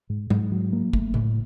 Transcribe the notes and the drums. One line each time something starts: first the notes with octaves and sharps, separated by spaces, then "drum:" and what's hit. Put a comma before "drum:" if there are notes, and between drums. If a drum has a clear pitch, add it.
G#2
G#2, drum: tom F#3
F#3
A#3
A3, drum: kick
A2, drum: tom C#3